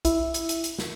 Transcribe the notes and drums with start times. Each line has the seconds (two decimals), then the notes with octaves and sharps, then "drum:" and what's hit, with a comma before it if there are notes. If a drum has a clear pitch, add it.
0.05 E4, drum: kick B1, hi-hat
0.34 drum: hi-hat
0.49 drum: hi-hat
0.64 drum: hi-hat
0.79 drum: snare